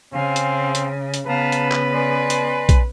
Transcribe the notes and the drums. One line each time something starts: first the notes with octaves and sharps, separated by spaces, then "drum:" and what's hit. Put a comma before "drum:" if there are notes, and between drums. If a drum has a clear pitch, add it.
C#3 C4 F5 G#5
drum: hi-hat
drum: hi-hat
drum: hi-hat
C#3 B3 B4 F5 A5 A#5
drum: hi-hat
drum: clap
D5 G#5 C6
drum: hi-hat
drum: kick A#1, hi-hat